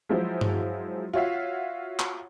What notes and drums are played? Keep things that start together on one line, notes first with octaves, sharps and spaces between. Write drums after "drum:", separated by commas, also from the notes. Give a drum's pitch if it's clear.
F3 F#3 G#3 E4 C5
drum: tom G2
F4 F#4 C#5 E5 F5
drum: clap